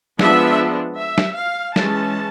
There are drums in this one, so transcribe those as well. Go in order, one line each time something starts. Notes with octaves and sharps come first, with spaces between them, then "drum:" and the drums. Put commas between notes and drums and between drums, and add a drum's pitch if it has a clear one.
F3 G#3 B3 D4 E5, drum: snare
E5
drum: snare
F5
E3 G#3 C#4 A5, drum: snare